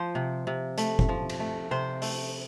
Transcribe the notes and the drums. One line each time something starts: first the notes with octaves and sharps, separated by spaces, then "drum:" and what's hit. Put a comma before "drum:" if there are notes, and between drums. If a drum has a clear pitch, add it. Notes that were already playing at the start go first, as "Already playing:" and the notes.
Already playing: F3 C5
C3
C3
A3, drum: hi-hat
drum: kick F#1
F3
drum: cymbal
A3
C3 C5
A3, drum: open hi-hat